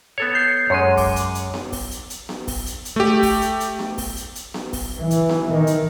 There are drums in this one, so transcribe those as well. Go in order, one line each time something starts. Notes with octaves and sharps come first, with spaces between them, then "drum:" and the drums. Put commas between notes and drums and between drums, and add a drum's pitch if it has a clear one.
B3 A4 C#5
G6 C7
F#2 G#3 C#5 C6 D#7
D6, drum: kick, open hi-hat
drum: hi-hat
drum: hi-hat
drum: snare B3
drum: kick, open hi-hat
drum: hi-hat
drum: hi-hat
drum: snare B3
drum: kick, open hi-hat
drum: hi-hat
drum: hi-hat
A3 G4
drum: kick, open hi-hat
drum: hi-hat
drum: hi-hat
drum: snare B3
drum: kick, open hi-hat
drum: hi-hat
drum: hi-hat
drum: snare B3
drum: kick, open hi-hat
E3
drum: hi-hat
drum: snare B3
D#3
drum: hi-hat